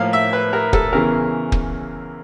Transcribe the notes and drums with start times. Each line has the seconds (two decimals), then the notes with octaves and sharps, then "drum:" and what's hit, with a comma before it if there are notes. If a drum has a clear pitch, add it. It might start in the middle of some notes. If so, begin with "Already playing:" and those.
Already playing: A2 F3 A#3 F5
0.13 E5
0.33 B4
0.53 A#4
0.73 A4, drum: kick
0.93 E2 C#3 E3 A#4
1.52 drum: kick